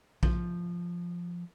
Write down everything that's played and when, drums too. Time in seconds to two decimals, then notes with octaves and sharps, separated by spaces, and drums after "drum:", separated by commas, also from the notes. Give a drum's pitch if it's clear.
0.23 F3, drum: kick A#1